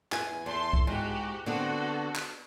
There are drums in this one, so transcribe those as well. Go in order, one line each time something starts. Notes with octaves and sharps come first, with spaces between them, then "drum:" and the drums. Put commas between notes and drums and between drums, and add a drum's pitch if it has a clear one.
E2 B4 G#5, drum: clap
E2 A4 C6
drum: kick C2
G#2 F#4 G4
D3 B3 C4 F#4 A4
drum: clap